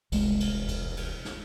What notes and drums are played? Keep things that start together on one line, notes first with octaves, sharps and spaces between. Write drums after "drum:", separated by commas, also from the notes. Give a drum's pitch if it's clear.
E1 C2 G#3, drum: cymbal
drum: cymbal
drum: kick C#2, cymbal
drum: cymbal
drum: snare